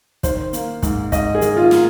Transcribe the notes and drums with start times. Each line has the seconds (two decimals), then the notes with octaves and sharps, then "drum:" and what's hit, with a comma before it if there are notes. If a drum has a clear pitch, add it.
0.23 D#3 C5, drum: kick, hi-hat
0.53 A#3, drum: hi-hat
0.82 G#2, drum: kick, hi-hat
1.12 G#2 D#5, drum: kick, hi-hat
1.35 G#4
1.41 D#3, drum: hi-hat
1.57 F4
1.71 A#3, drum: snare